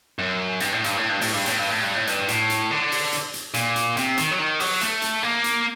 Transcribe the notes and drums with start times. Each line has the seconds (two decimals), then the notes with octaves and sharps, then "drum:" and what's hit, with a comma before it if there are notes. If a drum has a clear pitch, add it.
0.19 F#2
0.60 G2, drum: hi-hat
0.72 A2
0.84 G2, drum: hi-hat
0.97 A2
1.09 G2
1.21 A2, drum: open hi-hat
1.33 G2
1.46 A2, drum: hi-hat
1.58 G2
1.70 A2
1.83 G2
1.95 A2
2.07 G2, drum: hi-hat
2.28 A2, drum: hi-hat
2.50 drum: hi-hat
2.71 D3
2.92 drum: open hi-hat
3.13 drum: hi-hat
3.34 drum: hi-hat
3.54 A#2, drum: hi-hat
3.76 drum: hi-hat
3.97 C3, drum: hi-hat
4.18 D#3, drum: hi-hat
4.31 F#3
4.39 D#3
4.60 F#3, drum: open hi-hat
4.81 A3, drum: hi-hat
5.02 drum: hi-hat
5.23 A#3
5.44 drum: hi-hat